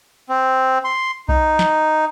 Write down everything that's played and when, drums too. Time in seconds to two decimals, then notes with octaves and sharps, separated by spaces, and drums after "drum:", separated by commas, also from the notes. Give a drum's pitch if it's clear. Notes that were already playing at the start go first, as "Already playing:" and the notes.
0.29 C4
0.85 C6
1.29 D#4, drum: kick B1
1.59 drum: snare